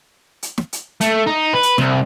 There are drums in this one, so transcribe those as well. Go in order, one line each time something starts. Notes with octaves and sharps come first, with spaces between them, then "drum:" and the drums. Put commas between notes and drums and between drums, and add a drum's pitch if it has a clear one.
drum: hi-hat
drum: snare
drum: hi-hat
A3, drum: hi-hat
D#4
B4
drum: hi-hat
C2, drum: snare